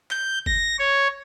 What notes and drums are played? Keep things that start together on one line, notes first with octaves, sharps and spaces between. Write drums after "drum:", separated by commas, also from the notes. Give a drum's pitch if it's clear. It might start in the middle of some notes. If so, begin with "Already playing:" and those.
G6, drum: clap
A#6, drum: kick
C#5